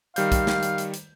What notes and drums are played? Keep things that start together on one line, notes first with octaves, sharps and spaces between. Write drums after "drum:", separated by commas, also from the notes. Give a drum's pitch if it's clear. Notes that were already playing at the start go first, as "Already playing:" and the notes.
D#3 G3 F5 G6, drum: hi-hat
drum: kick, hi-hat
drum: snare
drum: hi-hat
drum: hi-hat
drum: hi-hat